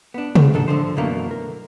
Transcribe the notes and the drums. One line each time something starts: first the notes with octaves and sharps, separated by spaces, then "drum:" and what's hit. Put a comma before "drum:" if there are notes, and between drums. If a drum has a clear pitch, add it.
B3 D4
drum: tom
G#2 D4 A4
D3 F3 C5
F#2 B2 D3 E3 A3 A#3
A#4